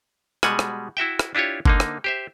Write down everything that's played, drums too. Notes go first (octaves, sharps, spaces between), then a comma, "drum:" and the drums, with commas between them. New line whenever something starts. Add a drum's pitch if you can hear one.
B2 G3 G#3 F#5 G#5, drum: rim click
drum: rim click
E4 F#4 E5 G5
drum: rim click
D4 E4 F4 G4 C#5
D3 A#3 D#4, drum: kick F#1
drum: rim click
G4 C5 E5